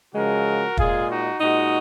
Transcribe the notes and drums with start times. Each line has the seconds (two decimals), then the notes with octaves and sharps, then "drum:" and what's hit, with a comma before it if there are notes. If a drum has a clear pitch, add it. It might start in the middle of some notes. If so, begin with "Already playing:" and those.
0.14 C#3 F3 G#3 F#4 A#4
0.77 A#2 G#3 F4 G#4, drum: kick
1.09 D#4 F#4
1.41 A#2 G#3 D#4 F#4